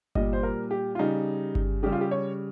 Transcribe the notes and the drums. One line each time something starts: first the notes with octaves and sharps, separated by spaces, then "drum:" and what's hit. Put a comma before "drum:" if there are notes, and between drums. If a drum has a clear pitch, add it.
A#2 G3 D#5, drum: kick G1
C5
A#4
G4
F4
C#3 G3 D#4
drum: kick G1
C#3 G3 G4
F4
G4
C#5